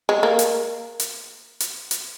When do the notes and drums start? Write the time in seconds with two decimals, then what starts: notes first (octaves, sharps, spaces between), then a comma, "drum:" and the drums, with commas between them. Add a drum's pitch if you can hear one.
0.09 G#3
0.23 A#3
0.39 drum: hi-hat
1.00 drum: hi-hat
1.60 drum: hi-hat
1.91 drum: hi-hat